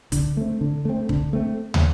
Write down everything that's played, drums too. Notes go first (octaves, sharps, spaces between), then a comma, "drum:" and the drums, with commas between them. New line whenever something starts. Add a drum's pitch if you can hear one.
D3, drum: kick, hi-hat
A3 C4
D3
A3 C4
D3, drum: kick
A3 C4
drum: tom